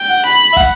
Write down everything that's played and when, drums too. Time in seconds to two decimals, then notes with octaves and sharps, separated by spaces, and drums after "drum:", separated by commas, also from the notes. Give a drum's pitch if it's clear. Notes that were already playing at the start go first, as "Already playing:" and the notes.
Already playing: G5
0.09 F#5
0.26 B5
0.53 E5
0.56 F#5, drum: kick, hi-hat